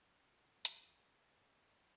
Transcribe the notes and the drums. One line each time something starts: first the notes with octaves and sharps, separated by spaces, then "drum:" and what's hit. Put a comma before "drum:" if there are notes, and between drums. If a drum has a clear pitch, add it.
D3
G3
D3
E4, drum: hi-hat
D3
G3
E4
E4
D3
E4